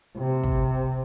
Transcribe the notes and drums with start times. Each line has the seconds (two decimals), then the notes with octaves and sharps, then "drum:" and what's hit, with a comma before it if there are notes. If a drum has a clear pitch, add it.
0.18 C3
0.44 drum: kick